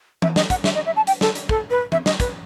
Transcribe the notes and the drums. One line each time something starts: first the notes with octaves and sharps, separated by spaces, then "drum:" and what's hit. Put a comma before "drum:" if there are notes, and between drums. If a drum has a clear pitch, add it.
E5, drum: tom E3
D#5, drum: snare
F#5, drum: kick, hi-hat
E5, drum: snare
D#5
E5
A5
G5, drum: hi-hat
A4, drum: snare
drum: hi-hat
A4, drum: kick
B4
E5, drum: tom E3
D#5, drum: snare
B4, drum: kick, hi-hat